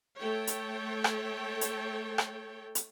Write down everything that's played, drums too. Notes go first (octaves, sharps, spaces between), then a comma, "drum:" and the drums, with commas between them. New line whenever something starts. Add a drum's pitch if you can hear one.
A3 A4 C#5 G5
drum: hi-hat
drum: rim click
drum: hi-hat
drum: rim click
drum: hi-hat